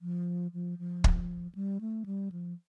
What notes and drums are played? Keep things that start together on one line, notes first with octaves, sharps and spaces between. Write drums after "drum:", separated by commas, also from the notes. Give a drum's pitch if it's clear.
F3
F3
F3
drum: kick
G3
A3
G3
F3